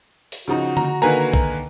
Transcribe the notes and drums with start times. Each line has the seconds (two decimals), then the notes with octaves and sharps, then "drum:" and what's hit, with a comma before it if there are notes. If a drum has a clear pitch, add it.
0.32 drum: open hi-hat
0.48 C#3 F3 D#4 F#4
0.77 A#5, drum: tom D3
1.02 D3 D#3 A#3 B4 G#5 A#5
1.34 drum: kick